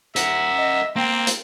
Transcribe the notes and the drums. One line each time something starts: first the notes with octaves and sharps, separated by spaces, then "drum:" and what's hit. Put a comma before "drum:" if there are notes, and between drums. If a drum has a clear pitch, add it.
A#4 E5 F#5, drum: hi-hat
D#5
A#3 C4 G5
drum: hi-hat